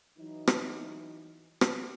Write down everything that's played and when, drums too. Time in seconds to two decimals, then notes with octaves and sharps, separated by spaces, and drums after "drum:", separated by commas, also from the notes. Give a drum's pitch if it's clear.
0.19 E3 F#3 D#4
0.47 drum: rim click
1.61 drum: rim click